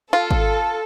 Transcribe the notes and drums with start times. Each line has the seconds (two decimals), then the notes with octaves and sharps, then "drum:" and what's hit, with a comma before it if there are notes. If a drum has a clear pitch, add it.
0.13 F4 A4
0.31 drum: kick G#1